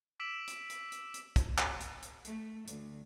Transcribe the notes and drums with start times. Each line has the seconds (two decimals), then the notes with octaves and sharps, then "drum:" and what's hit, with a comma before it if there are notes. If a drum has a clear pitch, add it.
0.20 D6 E6 B6 D7 E7 F#7
0.47 drum: hi-hat
0.70 drum: hi-hat
0.92 drum: hi-hat
1.14 drum: hi-hat
1.36 drum: kick, hi-hat
1.58 drum: clap
1.80 drum: hi-hat
2.02 drum: hi-hat
2.25 A3, drum: hi-hat
2.67 D2, drum: hi-hat